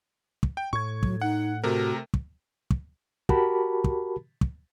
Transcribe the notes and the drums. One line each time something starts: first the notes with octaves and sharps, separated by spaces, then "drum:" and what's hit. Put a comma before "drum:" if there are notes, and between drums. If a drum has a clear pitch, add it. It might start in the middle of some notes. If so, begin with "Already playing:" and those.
drum: kick
G5
A2 C#6 G#6
F#3, drum: kick
D#4 F#5
C3 A3 F#4 A#4
drum: kick
drum: kick
F#4 G4 A#4 A5 B5, drum: kick
drum: kick
drum: kick